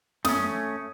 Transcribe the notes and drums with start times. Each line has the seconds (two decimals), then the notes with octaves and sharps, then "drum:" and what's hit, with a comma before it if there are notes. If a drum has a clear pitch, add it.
0.25 A3 C#4 D#6, drum: snare